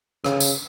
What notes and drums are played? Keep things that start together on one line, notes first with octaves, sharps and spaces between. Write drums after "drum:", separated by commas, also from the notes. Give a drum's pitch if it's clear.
C#3, drum: rim click
drum: tambourine